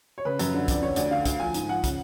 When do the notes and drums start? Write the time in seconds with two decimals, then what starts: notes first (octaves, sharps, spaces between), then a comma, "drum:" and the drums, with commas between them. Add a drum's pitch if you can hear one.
0.18 C#5
0.25 C#3 B4
0.39 F#2, drum: hi-hat
0.54 D3
0.68 F2 D5, drum: kick, hi-hat
0.82 D3 C#5
0.96 D2 D5, drum: hi-hat
1.11 D3 F5
1.25 D2, drum: kick, hi-hat
1.40 F3 G#5
1.54 G#2, drum: hi-hat
1.69 F3 F#5
1.84 C#3, drum: kick, hi-hat